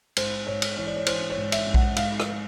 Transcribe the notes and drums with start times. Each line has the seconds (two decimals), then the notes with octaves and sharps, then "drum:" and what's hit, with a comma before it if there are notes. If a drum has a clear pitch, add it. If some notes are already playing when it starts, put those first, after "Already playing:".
0.16 G#2 C5, drum: cymbal
0.47 G#2 C#5
0.62 drum: cymbal
0.76 E3 C#5
0.87 D5
0.96 C#5
1.06 E3 C5, drum: cymbal
1.30 C#5
1.37 G#2
1.52 E5, drum: cymbal
1.67 G#2
1.74 F#5, drum: kick A#1
1.96 G#2 F5, drum: cymbal
2.20 drum: rim click